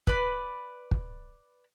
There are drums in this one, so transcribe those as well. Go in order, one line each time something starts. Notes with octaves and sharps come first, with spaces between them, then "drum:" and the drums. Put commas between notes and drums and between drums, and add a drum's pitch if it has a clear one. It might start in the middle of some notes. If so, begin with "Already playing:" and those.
B4 D5 B5, drum: kick
drum: kick